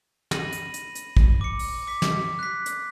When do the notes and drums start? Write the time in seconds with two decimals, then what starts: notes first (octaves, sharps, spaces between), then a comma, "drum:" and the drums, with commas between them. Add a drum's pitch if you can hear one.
0.31 B5 A#6 D#7 F#7, drum: snare
0.53 drum: hi-hat
0.74 drum: hi-hat
0.95 drum: hi-hat
1.17 drum: kick
1.41 D6 C#7
1.59 drum: open hi-hat
1.87 D6 B6
2.02 drum: snare
2.39 F#6 B6
2.66 drum: hi-hat